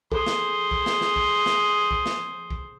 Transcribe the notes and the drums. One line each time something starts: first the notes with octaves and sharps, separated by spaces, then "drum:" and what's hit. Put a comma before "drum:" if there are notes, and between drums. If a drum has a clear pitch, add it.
G#4 A4 C5, drum: kick
drum: snare
drum: kick
drum: snare
drum: snare
drum: kick
drum: snare
drum: kick
drum: snare
drum: kick